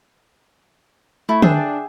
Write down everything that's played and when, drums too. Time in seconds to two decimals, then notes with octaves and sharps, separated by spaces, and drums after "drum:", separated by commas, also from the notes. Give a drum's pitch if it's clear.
1.29 A3 E4
1.42 D4 G#4 E5 G5, drum: tom D3